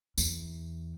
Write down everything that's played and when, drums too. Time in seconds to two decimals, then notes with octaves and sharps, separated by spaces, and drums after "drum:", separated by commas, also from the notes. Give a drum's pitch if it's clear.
0.18 E2, drum: tambourine